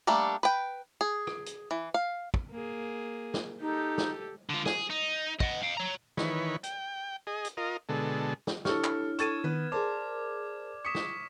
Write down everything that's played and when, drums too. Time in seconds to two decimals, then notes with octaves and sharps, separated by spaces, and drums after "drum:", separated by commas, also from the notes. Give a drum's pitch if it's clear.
0.07 G3 A3 A#3 D4 A4
0.43 B4 G5
1.01 G#4
1.27 drum: rim click
1.46 drum: hi-hat
1.71 E3
1.94 F5
2.34 drum: kick
2.51 A#3 G#4
3.34 drum: snare
3.61 D#4 G4 A4
3.98 drum: snare
4.50 D3 F4
4.66 G#4, drum: snare
4.90 D#4
5.40 D#5 F#5, drum: kick
5.63 F5 G5
5.77 C#5 A#5
6.17 D#3 E3 B4 C#5, drum: snare
6.63 G5, drum: hi-hat
7.27 G#4 D#5
7.45 drum: hi-hat
7.57 F4 A#4 D#5
7.89 B2 D3 G#3 A4
8.47 drum: snare
8.65 D4 E4 G4 A4 C#5 C#6 F6, drum: snare
8.84 drum: clap
9.19 A4 A5 C#6 E6 G#6 A6 D#7 E7, drum: hi-hat
9.44 D#3 B3 B4
9.72 G#4 A#4 C5 D5 A5 C6 D6
10.85 C#6 D#6 B6 C#7 E7
10.95 drum: snare